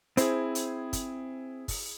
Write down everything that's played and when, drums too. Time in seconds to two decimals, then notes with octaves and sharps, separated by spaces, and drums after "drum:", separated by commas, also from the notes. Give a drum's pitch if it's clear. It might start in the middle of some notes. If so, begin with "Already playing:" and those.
0.17 C4 E4 G#4 C5, drum: hi-hat
0.55 drum: hi-hat
0.93 drum: kick, hi-hat
1.68 drum: kick, open hi-hat